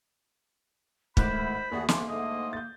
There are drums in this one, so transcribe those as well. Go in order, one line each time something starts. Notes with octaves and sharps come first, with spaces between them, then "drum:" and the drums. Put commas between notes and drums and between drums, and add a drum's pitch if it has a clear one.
G#1 A2 C5 B5 D6 F#6, drum: kick
E4
D#2 A3 F#4 G#4 D5
G#2 A3 A#3 G#4 C6 D6, drum: snare
G#2 D3 A3 D#5
G6 A6